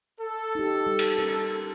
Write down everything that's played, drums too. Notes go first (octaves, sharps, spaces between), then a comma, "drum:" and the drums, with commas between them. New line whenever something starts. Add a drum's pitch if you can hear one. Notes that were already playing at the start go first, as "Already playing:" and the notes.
A4
D#4 G4
G3
drum: cymbal
C#4 A#4